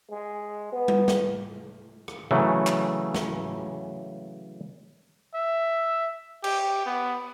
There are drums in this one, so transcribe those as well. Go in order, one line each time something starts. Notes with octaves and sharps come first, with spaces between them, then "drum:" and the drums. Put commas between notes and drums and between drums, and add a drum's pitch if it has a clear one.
G#3
B3
drum: tom G3
drum: snare
drum: rim click
C#3 E3 F#3 A3
drum: clap
drum: snare
E5
G4, drum: cymbal
B3